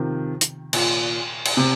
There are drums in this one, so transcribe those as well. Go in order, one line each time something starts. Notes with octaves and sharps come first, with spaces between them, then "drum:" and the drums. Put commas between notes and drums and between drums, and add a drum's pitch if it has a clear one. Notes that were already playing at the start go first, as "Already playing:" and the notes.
Already playing: C3 D#3 F3
drum: hi-hat
A#2, drum: cymbal
drum: cymbal
C3